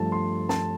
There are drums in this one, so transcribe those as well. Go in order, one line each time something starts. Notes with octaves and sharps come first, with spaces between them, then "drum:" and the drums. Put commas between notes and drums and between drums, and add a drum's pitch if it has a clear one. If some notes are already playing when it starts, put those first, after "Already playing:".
Already playing: G2 F3 A3 A5
C6
A5, drum: snare